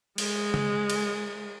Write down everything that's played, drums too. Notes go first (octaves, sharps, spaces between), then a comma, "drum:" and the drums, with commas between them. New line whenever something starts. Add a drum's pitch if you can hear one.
G#3, drum: cymbal
drum: tom C#3
drum: cymbal